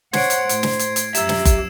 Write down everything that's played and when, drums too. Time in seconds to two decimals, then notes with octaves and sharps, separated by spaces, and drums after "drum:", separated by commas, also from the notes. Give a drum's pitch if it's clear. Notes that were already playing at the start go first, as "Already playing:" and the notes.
0.13 C5 C#5 F#5 G#6 C7 D7, drum: snare
0.30 drum: hi-hat
0.49 A2, drum: hi-hat
0.63 drum: snare
0.79 drum: hi-hat
0.96 drum: hi-hat
1.15 F#2 F3 G4 E5 E6 E7, drum: hi-hat
1.29 drum: snare
1.45 drum: kick F#1, hi-hat